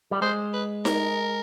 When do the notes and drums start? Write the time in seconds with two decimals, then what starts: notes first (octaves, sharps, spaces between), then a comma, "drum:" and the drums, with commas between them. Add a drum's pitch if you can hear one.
0.11 G3
0.22 G#3 C5
0.53 B4
0.85 A#4, drum: snare D#4